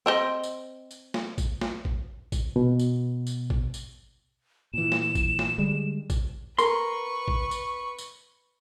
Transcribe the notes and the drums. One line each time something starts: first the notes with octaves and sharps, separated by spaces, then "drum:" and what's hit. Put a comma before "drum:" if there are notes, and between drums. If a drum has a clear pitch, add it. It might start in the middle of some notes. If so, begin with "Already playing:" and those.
C4 C5 D#5
drum: tambourine
drum: tambourine
drum: snare
drum: kick A1, tambourine
drum: snare
drum: kick A1
drum: kick A1, tambourine
B2
drum: tambourine
drum: tambourine
drum: kick A1
drum: tambourine
A#2 E3 E7
drum: snare
drum: kick A1, tambourine
drum: snare
D3 G3 G#3
drum: kick A1, tambourine
A#4 B4 C6 C#6, drum: tambourine
drum: kick A1
drum: tambourine
drum: tambourine